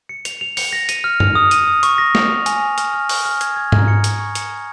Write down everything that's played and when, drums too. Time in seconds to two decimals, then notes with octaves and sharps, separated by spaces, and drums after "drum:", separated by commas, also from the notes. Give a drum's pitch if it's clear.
0.09 C#7
0.25 F7, drum: hi-hat
0.41 F7
0.57 C#7, drum: open hi-hat
0.73 A#6
0.89 D#7, drum: hi-hat
1.04 F6
1.20 F7, drum: tom F#2
1.35 D#6
1.51 D#7, drum: hi-hat
1.67 D#6
1.83 C#6, drum: hi-hat
1.98 A#6
2.15 F7, drum: snare
2.30 D#6
2.46 G#5, drum: hi-hat
2.62 A#6
2.78 F6, drum: hi-hat
2.94 F6
3.09 C#6, drum: open hi-hat
3.25 F6
3.41 G#6, drum: hi-hat
3.56 G#6
3.72 A#5, drum: tom G#2
3.88 C#7
4.04 F6, drum: hi-hat
4.20 C#6
4.35 C#7, drum: hi-hat
4.51 C#7